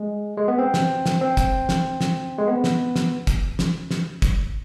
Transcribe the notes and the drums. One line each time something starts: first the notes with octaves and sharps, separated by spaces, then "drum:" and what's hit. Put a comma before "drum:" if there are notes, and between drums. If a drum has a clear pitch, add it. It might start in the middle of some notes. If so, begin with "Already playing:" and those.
Already playing: G#3
G#3
B3
C4
drum: snare
drum: snare
C4
drum: kick, hi-hat
drum: snare
drum: snare
G#3
B3
drum: snare
drum: snare
drum: kick, hi-hat
drum: snare
drum: snare
drum: kick, hi-hat